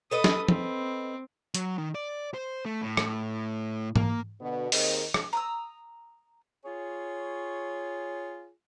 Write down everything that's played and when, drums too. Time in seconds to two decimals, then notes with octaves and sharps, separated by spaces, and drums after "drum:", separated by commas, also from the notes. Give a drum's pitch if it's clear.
0.11 A4 B4 D#5 D#6
0.24 drum: snare
0.48 C4, drum: tom
1.54 F#3, drum: hi-hat
1.78 D#3
1.95 D5
2.34 C5
2.65 A3
2.83 A2
2.97 drum: rim click
3.96 A#3, drum: tom G#2
4.41 B2 D3 B3
4.72 D#2 D#3 C4 G#4 A#4 D#5, drum: open hi-hat
5.14 drum: rim click
5.33 A#5 D#6 E6
6.65 F4 G#4 C#5